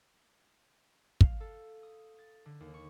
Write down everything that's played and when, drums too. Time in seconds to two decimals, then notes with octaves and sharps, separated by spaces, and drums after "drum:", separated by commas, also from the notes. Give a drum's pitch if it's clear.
1.21 F5, drum: kick
1.40 A4
1.83 D#6
2.19 A6
2.46 D3
2.60 D#2
2.74 C#6